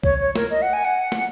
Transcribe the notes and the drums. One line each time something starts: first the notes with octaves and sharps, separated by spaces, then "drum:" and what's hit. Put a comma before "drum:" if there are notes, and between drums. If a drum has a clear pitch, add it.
C#5, drum: kick C2
C#5
A#4, drum: snare
D#5
F#5
G#5
F#5
drum: snare